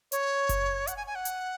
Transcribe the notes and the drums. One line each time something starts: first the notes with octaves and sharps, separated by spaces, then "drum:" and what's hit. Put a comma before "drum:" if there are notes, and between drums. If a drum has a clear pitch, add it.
C#5, drum: hi-hat
drum: kick F#1, hi-hat
F#5, drum: hi-hat
G#5
G#5
F#5
drum: hi-hat